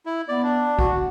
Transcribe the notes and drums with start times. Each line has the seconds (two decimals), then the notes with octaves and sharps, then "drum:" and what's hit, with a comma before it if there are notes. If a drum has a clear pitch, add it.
0.06 E4
0.28 B3 D5
0.43 D4
0.79 F#4, drum: kick